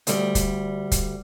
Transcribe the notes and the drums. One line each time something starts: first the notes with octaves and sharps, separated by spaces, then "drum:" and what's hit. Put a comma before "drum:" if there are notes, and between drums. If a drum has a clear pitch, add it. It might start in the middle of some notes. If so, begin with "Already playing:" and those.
D2 G3, drum: hi-hat
drum: kick, hi-hat
drum: kick, hi-hat